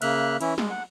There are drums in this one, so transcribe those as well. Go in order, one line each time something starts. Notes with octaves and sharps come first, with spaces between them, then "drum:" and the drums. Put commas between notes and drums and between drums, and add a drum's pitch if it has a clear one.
C#3 A#3 E5 F6 F#6, drum: cymbal
E3 C#4 E4, drum: cymbal
G#3, drum: snare
F#5